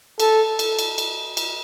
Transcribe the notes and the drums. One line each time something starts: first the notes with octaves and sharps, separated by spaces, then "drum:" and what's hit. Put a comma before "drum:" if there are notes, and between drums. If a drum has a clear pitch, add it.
A4, drum: cymbal
drum: cymbal
drum: cymbal
drum: cymbal
drum: cymbal